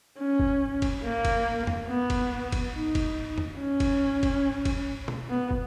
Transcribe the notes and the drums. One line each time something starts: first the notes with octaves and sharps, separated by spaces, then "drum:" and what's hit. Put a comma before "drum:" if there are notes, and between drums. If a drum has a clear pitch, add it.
C#4
drum: kick
drum: kick, cymbal
A#3
drum: kick, cymbal
drum: tom E2
B3
drum: kick, cymbal
drum: kick, cymbal
D#4
drum: kick, cymbal
drum: tom E2
C#4
drum: kick, cymbal
drum: kick, cymbal
drum: kick, cymbal
drum: tom B2
B3
drum: kick